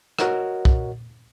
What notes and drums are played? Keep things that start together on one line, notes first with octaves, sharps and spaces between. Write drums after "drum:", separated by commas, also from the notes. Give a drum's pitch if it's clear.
F#4 A#4 C#5 D#5 F#5, drum: rim click
drum: kick